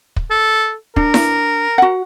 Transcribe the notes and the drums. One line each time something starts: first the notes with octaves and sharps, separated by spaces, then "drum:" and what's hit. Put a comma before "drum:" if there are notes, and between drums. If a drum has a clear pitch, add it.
drum: kick
A4
D4 A#4, drum: kick
drum: snare E4
F#4 F#5